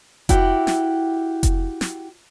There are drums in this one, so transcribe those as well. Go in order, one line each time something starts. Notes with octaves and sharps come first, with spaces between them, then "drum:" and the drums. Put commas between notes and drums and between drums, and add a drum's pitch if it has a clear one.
E4 F#4 G4 G5, drum: kick F1, hi-hat
drum: snare
drum: kick F1, hi-hat
drum: snare